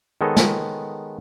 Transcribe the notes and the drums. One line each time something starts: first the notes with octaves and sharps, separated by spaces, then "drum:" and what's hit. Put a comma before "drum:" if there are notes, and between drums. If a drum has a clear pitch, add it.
D#3 G#3 B3 A4 C#5 D#5
drum: snare